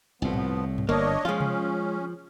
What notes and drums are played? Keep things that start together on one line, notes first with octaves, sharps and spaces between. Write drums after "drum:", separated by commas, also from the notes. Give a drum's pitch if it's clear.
C2 A2 F3 B3
drum: tom G#2
drum: tom G2
G1 A#3 D4 C#5 D#5
F3 G#3 C#4 F4
drum: tom C3